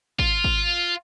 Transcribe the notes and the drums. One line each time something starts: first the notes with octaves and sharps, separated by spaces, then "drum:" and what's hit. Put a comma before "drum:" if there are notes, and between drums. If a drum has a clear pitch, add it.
F4, drum: kick G#1
drum: kick G#1